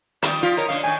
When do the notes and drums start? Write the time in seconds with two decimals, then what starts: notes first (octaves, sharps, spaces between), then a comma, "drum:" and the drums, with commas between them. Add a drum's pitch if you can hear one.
0.22 D#3 F3 G3 D5, drum: hi-hat
0.43 F3 F4
0.57 A#4 C#5 D#5
0.68 D3 A3 D4 F5
0.83 A2 D#3 D4 G#5